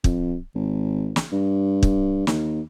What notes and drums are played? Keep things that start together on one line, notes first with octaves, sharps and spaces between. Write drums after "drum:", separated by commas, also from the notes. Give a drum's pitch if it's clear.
F2, drum: kick
G#1
drum: snare
G2
drum: kick
D#2, drum: snare